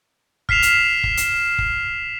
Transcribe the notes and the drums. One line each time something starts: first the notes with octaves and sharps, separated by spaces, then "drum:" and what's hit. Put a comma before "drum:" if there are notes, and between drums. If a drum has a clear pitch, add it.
F6 B6 C7 E7 F7, drum: kick
drum: hi-hat
drum: kick
drum: hi-hat
drum: kick